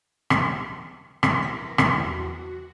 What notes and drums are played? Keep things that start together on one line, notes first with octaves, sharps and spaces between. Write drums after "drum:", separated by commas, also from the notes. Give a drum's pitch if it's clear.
drum: rim click
drum: rim click
E4 A#4 B4 A#6 B6
drum: rim click
E2 F#4